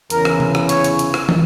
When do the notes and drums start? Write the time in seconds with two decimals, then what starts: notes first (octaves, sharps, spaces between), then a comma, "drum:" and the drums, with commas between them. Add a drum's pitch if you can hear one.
0.10 E2 C#3 E3 A#4, drum: hi-hat
0.25 drum: rim click
0.40 drum: tom C3
0.55 drum: rim click
0.69 C#5, drum: hi-hat
0.84 drum: hi-hat
0.99 drum: hi-hat
1.14 drum: rim click
1.29 drum: tom